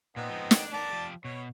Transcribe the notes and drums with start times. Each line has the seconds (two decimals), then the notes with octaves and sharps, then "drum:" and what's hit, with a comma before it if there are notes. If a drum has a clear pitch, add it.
0.16 A#2 B3 C4 D#4
0.30 F3 G#3
0.51 D4 D5, drum: snare
0.73 B3 A#4 D5 A5
0.91 F3 G4
1.25 B2 C#5